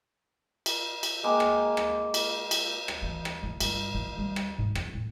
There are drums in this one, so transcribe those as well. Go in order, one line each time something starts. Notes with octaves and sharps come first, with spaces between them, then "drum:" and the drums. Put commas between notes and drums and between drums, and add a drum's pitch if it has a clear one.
drum: cymbal
drum: cymbal
G#3 A#3 A#4 G5
drum: rim click
drum: rim click
drum: cymbal
drum: cymbal
drum: rim click
E3
drum: rim click
E3
G2, drum: cymbal
E3
G3
drum: rim click
G#2
F2, drum: rim click
A2